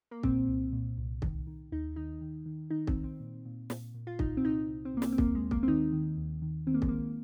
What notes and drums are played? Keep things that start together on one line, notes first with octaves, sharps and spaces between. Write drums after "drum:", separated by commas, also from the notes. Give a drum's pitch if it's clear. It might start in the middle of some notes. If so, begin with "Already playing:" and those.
A#3
A#2 C4, drum: kick
C2
A#2
C2
D#3, drum: kick
D#3
D#2 D#4
D#3 D#4
D#3
D#3
D#3 D#4
C4, drum: kick
D#3
C4
A#2
A#2
A#2, drum: snare
A#2
F4
A#2 D#4, drum: kick
C4
C2 D#4
C2
C4
C2 A#3
C4, drum: snare
C4
D#2 A#3, drum: kick
G#3
D#2
A#3, drum: kick
C4
D#3 D#4
D#3
D#2
D#3
D#3 C4
A#3
G#3, drum: kick
D#3 A#3